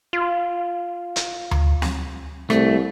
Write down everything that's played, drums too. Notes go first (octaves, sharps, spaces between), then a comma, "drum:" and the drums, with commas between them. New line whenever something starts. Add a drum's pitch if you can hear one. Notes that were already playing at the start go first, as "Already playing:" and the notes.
F4
drum: hi-hat
drum: tom D2
drum: snare
C2 A3, drum: rim click